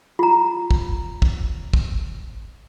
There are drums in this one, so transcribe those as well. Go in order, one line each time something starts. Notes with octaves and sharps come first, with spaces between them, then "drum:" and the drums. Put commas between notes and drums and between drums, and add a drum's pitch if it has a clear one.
F4 A#5
drum: kick
drum: kick
drum: kick